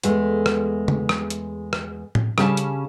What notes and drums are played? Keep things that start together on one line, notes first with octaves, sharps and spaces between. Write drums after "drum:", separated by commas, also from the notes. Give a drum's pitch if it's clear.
E2 G#3 A3, drum: hi-hat
drum: rim click
drum: tom C#3
drum: rim click
drum: hi-hat
drum: rim click
drum: tom A2
C#3 G3 C#4 G#5 A5, drum: rim click
drum: hi-hat